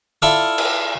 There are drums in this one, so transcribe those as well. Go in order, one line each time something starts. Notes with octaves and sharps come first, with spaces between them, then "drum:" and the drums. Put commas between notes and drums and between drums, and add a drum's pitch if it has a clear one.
E4 F4 A4 D5 F5
drum: cymbal